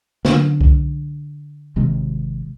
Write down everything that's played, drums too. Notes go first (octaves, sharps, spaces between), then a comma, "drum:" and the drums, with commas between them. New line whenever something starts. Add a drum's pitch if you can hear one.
D3, drum: snare
drum: kick C2
G#1 C3 D#3 G#3